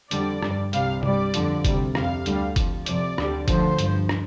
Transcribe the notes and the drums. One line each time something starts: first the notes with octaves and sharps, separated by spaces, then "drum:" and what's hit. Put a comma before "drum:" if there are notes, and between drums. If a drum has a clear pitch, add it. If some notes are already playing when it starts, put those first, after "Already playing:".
F2 D3 G3 D5, drum: hi-hat
G2 G3, drum: rim click
C2 C3 G3 F5, drum: hi-hat
G2 G3 D5, drum: tom C3
F2 D3 F3, drum: hi-hat
D2 C3 G3, drum: kick F#1, hi-hat
F2 C3 G3 F5, drum: rim click
D2 D3 G3, drum: hi-hat
F2 F3, drum: kick F#1, hi-hat
F2 C3 F3 D5, drum: hi-hat
D2 D3 G3, drum: rim click
D2 D3 F3 C5, drum: kick F#1, hi-hat
G2 F3, drum: hi-hat
drum: rim click